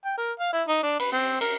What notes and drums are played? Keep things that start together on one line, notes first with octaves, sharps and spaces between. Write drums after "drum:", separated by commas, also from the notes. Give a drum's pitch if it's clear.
G5
A#4
F5
E4
D#4
D4
B4, drum: cymbal
C4
A#4, drum: cymbal